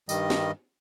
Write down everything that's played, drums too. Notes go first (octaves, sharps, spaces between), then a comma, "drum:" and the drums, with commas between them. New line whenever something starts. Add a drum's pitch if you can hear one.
G2 D#3 G3 D#5, drum: tambourine
drum: snare